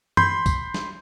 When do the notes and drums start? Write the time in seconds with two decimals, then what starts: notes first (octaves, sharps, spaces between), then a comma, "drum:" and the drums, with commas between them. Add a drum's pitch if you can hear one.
0.17 B5 C6 G6, drum: tom F#2
0.46 drum: kick, tambourine
0.74 drum: snare